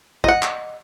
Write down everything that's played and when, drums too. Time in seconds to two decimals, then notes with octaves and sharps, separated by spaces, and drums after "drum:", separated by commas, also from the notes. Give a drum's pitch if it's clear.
0.24 D#5 F#5, drum: kick
0.43 drum: clap